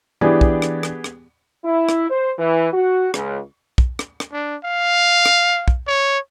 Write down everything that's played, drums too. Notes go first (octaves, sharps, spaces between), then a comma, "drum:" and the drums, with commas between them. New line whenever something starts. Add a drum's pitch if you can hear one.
E3 B3 D4 G4 G#4
drum: kick
drum: rim click
drum: rim click
drum: rim click
E4
drum: rim click
C5
E3
F#4
C#2, drum: rim click
drum: kick
drum: rim click
drum: rim click
D4
F5
drum: rim click
drum: kick
C#5